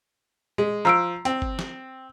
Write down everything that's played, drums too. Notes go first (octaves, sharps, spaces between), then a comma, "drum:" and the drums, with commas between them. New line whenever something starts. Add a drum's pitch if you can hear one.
G#3, drum: tom A#2
F3 A#5 E6 D7
C4, drum: hi-hat
drum: kick G1
drum: snare